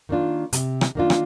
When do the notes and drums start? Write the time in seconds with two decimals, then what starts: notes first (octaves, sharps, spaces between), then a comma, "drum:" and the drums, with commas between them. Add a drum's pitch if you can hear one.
0.09 D#3 A#3 D4 F4
0.53 C3, drum: hi-hat
0.81 drum: rim click
0.95 D#3 A#3 D4 F4
1.10 drum: rim click